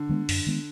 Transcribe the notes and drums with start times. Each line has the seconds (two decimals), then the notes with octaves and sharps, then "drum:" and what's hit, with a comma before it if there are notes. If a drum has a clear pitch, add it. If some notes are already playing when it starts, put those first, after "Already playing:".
Already playing: D3
0.09 D#3 G#3 B3
0.29 F#2, drum: open hi-hat
0.47 D#3 G#3 B3